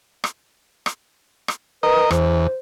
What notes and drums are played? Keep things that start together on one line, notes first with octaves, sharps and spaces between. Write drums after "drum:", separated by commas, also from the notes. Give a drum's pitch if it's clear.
drum: rim click
drum: rim click
drum: rim click
A#4 B4 D#5
E2 C5, drum: rim click